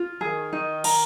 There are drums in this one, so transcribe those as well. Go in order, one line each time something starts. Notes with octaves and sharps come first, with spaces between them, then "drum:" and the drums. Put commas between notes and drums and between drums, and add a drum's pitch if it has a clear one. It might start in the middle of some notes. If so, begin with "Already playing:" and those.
Already playing: F4
D#3 G#4
D#4
A#5, drum: cymbal